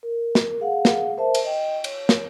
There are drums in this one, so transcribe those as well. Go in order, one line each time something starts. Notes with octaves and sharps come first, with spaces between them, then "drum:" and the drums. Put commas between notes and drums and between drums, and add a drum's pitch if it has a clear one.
A#4
drum: snare
G#4 F5 F#5
drum: snare
A#4 C5 E5 A5
drum: cymbal
D#5 G5
C#5, drum: cymbal
drum: snare